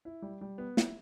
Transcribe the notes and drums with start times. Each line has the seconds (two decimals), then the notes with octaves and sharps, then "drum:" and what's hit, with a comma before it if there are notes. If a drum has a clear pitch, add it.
0.05 E4
0.22 G3
0.41 G3
0.58 B3
0.77 E4, drum: snare